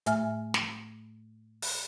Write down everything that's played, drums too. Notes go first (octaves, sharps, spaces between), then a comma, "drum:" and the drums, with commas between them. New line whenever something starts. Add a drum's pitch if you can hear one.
A2 A3 E5 G#5 F6, drum: hi-hat
drum: snare
drum: open hi-hat